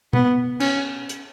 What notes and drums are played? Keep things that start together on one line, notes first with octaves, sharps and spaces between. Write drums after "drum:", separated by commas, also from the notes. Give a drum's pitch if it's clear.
B3, drum: tom
C#4, drum: cymbal
drum: hi-hat